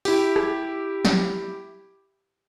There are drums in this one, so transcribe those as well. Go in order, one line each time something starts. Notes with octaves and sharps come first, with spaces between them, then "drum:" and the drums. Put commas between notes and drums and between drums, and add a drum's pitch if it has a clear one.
E4 G4, drum: open hi-hat
drum: rim click
drum: snare